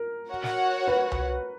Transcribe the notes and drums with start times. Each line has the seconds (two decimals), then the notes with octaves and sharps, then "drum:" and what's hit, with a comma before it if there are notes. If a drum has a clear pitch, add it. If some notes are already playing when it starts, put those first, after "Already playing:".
Already playing: A#4
0.30 F#4 C#5 F#5
0.44 drum: snare
0.87 B4
1.12 drum: tom C2